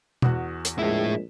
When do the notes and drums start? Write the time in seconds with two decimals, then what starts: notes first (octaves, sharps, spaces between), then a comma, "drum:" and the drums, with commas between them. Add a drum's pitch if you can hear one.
0.22 E2 F#4, drum: tom B2
0.65 drum: hi-hat
0.79 A#1 A2 G#3 E4